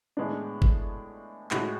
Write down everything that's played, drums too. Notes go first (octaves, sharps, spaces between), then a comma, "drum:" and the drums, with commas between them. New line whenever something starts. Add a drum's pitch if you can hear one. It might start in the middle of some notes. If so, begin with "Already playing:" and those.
A2 G#3 B3 D4
drum: kick F#1
A2 G#3 C#4 F#4, drum: clap